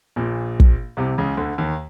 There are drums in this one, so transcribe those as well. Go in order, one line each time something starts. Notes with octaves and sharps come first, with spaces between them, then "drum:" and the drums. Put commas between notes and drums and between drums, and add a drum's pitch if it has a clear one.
A#1 A#2
drum: kick
C2 C3
C#2 C#3
D2 D3
D#2 D#3